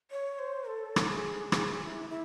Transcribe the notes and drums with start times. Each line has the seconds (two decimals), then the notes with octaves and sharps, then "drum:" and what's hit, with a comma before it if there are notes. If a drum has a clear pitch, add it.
0.11 C#5
0.39 C5
0.68 A4
0.96 drum: rim click
1.10 G#4
1.52 G#4, drum: rim click
1.81 G#4
1.85 E4
2.09 E4